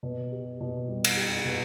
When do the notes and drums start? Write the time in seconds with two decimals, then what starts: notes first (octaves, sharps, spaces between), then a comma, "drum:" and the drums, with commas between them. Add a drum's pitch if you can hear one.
0.03 B2
0.32 G4
0.60 B2
0.88 G3
1.04 drum: cymbal
1.17 G4
1.45 B2